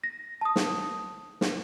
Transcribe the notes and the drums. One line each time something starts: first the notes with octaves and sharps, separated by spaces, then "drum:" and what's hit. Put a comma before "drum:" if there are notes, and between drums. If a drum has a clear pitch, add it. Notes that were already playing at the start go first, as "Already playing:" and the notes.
A#6
A5 D#6
drum: snare
drum: snare